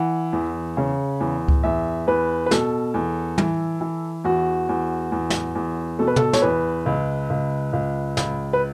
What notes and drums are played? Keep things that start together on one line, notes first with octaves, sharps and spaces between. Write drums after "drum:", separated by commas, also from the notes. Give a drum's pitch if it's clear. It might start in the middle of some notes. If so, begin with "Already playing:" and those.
Already playing: E3 F#5
E2
C#3
E2
drum: kick C#2
E2 E5
E2 B4
B4
B2 A4, drum: snare
E2
E3, drum: tom
E3
E2 F#4
E2
E2
drum: snare
E2
B2 A4
B4
A4, drum: tom
C#5, drum: snare
E2 B4
C#2
C#2
C#2
C#2, drum: snare
B4